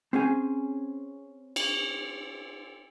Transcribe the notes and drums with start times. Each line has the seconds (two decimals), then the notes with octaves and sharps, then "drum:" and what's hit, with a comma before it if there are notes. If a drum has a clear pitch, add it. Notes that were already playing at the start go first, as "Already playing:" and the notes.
0.13 C4 C#4 G#4 G#5
1.56 drum: cymbal